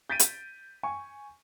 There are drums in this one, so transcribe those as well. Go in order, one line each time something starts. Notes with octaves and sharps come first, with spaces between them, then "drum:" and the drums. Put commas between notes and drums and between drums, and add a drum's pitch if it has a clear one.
G6 A6 B6 D7 D#7
drum: hi-hat
G#5 C#6